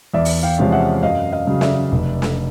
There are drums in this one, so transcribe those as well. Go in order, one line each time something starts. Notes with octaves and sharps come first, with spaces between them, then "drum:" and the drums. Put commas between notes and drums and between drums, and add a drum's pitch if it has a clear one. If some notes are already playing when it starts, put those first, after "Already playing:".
E2 D5 E5
drum: open hi-hat
F5 G5
C3 F3 G#3 C#4
E5 F#5
F#2 D#5 F5
D#5 F5
C#3 F#3
D5 E5, drum: snare
F1
drum: snare